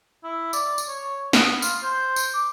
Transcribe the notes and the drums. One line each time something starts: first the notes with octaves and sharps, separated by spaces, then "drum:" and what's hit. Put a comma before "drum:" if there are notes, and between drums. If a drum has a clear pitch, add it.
E4
D5, drum: tambourine
drum: tambourine
C#5
B3, drum: snare
F4, drum: tambourine
C5
drum: tambourine
D6